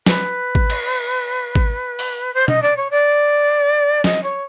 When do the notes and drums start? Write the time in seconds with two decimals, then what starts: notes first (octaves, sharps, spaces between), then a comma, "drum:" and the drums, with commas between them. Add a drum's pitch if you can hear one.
0.06 B4, drum: snare
0.55 drum: kick G#1
0.70 drum: cymbal
1.55 drum: kick G#1
1.99 drum: open hi-hat
2.34 C5
2.48 D#5, drum: tom B2
2.62 D5
2.76 C#5
2.90 D5
4.04 D#5, drum: snare
4.23 C#5